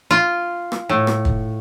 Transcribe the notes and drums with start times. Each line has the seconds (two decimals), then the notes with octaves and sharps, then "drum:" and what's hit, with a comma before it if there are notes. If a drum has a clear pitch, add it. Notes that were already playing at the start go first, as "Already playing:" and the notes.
0.11 F4
0.72 drum: rim click
0.89 A2
1.07 drum: rim click
1.25 drum: kick